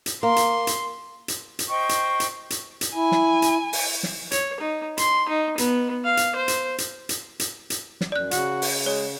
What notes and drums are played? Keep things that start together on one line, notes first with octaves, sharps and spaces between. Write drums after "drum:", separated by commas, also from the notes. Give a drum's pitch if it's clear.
drum: hi-hat
A#3 C6
drum: hi-hat
drum: hi-hat
drum: hi-hat
drum: hi-hat
C5 D#5 G5 C#6
drum: hi-hat
drum: hi-hat
drum: hi-hat
drum: hi-hat
E4 G#5
drum: snare
drum: hi-hat
drum: open hi-hat
drum: snare
C#5, drum: hi-hat
D#4
C6, drum: hi-hat
D#4
B3, drum: hi-hat
F5
drum: hi-hat
C5
drum: hi-hat
drum: hi-hat
drum: hi-hat
drum: hi-hat
drum: hi-hat
drum: snare
F#2 D5 F#6
C#3 F#4, drum: hi-hat
drum: open hi-hat
G#3 C#5